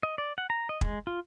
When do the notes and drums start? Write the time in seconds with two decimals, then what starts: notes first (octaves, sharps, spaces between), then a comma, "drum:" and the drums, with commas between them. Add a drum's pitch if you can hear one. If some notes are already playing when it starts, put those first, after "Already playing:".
0.03 D#5
0.18 D5
0.38 F#5
0.50 A#5
0.69 D#5
0.81 G#3, drum: kick
1.07 F4